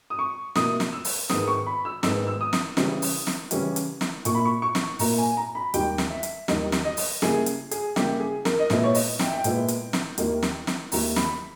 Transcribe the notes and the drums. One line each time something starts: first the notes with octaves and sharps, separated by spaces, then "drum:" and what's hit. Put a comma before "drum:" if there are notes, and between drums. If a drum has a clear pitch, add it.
D#6
C#6
B2 A#3 E4 D#6, drum: snare
drum: snare
E6
drum: open hi-hat
G#2 D#3 G#3 B3 D#6, drum: snare
C#6
B5
E6
G#2 D#3 G#3 B3 E6, drum: snare
E6
D#6
drum: snare
C#3 E3 G3 C#4 E4, drum: snare
drum: open hi-hat
drum: snare
C#3 E3 G3 C#4 E4, drum: hi-hat
drum: hi-hat
drum: snare
A#2 A#3 E4 C#6, drum: hi-hat
B5
C#6
C#6
drum: snare
A#2 A#3 E4 A#5, drum: open hi-hat
G#5
A#5
B5
D#2 D#3 G3 G5, drum: hi-hat
drum: snare
E5
drum: hi-hat
D#2 D#3 G3 D#5, drum: snare
drum: snare
D#5
drum: open hi-hat
C#3 G3 A#3 E4 G#4, drum: snare
drum: hi-hat
G#4, drum: hi-hat
C#3 G3 A#3 E4 G4, drum: snare
G#4
A#4, drum: snare
D#5
A#2 G#3 B3 E4 E5, drum: snare
C#5
D#5, drum: open hi-hat
G5, drum: snare
E5
G5
A#2 G#3 B3 E4, drum: hi-hat
drum: hi-hat
drum: snare
D#2 D#3 A#3 E4, drum: hi-hat
drum: snare
drum: snare
D#2 D#3 A#3 E4 A#5, drum: open hi-hat
B5, drum: snare